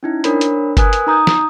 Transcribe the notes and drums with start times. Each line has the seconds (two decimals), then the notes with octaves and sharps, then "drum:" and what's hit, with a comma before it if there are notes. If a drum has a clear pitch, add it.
0.03 C#4 D#4 E4
0.24 D4 A#4 C5 C#5 B5, drum: hi-hat
0.41 drum: hi-hat
0.77 A#4 B4 G#5 D#6 F#6 G#6, drum: kick G1, hi-hat
0.93 drum: hi-hat
1.07 D#4 A#5 D#6 G6
1.27 drum: snare